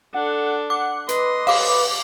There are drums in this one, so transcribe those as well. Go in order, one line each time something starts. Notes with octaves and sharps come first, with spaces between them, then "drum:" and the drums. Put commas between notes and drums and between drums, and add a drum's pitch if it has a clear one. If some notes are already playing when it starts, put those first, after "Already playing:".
D4 A4 F#5
F#5 D6
B4 D#5 C6, drum: hi-hat
F5 D6, drum: cymbal